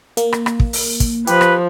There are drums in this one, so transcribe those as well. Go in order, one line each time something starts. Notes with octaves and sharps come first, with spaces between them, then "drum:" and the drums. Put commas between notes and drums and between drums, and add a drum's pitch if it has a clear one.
A#3, drum: hi-hat
drum: rim click
drum: rim click
drum: kick
drum: open hi-hat
drum: kick, hi-hat
F3 G4 B4, drum: hi-hat
drum: rim click